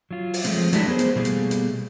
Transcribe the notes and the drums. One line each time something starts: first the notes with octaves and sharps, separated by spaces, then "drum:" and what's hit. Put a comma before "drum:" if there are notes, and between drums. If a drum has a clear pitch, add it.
F#3 F4
drum: open hi-hat
F3 G#3 A3 C4, drum: hi-hat
F#3 G#3 A3 D4 E4 G4, drum: hi-hat
B3 G#4 A#4 C5
drum: hi-hat
B2 E3 G3 A3 A#3 G#4
drum: hi-hat
drum: hi-hat